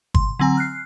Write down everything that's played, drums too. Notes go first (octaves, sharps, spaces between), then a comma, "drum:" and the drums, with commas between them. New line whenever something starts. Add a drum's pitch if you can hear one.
C6, drum: kick G1
D3 F#3 C4 G#5 A#5
F6 F#6 C7